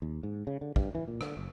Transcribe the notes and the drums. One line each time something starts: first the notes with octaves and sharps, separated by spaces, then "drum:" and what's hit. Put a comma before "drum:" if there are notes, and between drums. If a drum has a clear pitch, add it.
D#2
G#2
C#3
D3
G2, drum: kick
E3
A#2
D3, drum: rim click
F#1